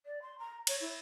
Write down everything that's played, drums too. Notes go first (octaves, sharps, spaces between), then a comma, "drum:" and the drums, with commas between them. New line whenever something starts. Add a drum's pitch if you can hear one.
D5
C6
A#5
C#5, drum: cymbal
E4